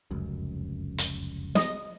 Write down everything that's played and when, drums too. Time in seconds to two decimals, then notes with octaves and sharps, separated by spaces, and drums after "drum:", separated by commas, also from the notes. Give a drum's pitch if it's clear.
0.11 F1 C#2 F#2
0.98 drum: hi-hat
1.55 D#5, drum: snare